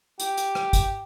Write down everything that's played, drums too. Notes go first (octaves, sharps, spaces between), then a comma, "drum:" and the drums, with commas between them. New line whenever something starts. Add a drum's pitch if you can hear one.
G4, drum: hi-hat
drum: hi-hat
drum: rim click
drum: kick, hi-hat